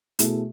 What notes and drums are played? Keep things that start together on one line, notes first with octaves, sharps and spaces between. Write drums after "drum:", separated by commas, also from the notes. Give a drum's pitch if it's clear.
B2 A3 E4 G#4, drum: hi-hat